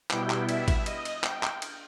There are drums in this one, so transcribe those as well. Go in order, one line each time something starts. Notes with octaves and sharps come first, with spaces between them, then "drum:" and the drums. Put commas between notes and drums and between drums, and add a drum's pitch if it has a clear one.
B2 G3 B3 E4 G5, drum: clap
drum: clap
E5, drum: cymbal
drum: kick, cymbal
D#5, drum: cymbal
drum: cymbal
G5, drum: clap
drum: clap
drum: cymbal